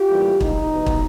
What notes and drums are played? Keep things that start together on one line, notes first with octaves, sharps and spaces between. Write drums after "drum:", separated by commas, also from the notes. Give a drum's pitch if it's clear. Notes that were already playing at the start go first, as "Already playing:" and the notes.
Already playing: F4 G4
A2 E3 G3 A#3
D#4, drum: kick
B2 F#3 B3
drum: kick